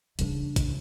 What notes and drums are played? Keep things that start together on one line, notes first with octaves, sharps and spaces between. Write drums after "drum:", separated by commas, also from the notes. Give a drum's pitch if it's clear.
C#3 D4, drum: hi-hat
drum: kick, hi-hat